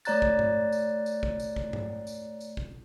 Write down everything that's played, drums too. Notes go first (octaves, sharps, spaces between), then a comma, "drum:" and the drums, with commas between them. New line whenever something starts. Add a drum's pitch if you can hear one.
A3 C#5 D5 A#5 F#6 A6, drum: tambourine
drum: kick G#1
drum: tom G#2
drum: tambourine
drum: tambourine
drum: kick G#1
drum: tambourine
drum: kick G#1
drum: tom G#2
drum: tambourine
drum: tambourine
drum: kick G#1